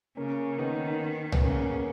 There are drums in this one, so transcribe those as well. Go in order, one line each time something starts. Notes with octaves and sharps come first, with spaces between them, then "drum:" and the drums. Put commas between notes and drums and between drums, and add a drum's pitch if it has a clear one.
C#3 A#3 C#4
D#3 B3 D#4
B3, drum: tom C2
C#3 A#3 C#4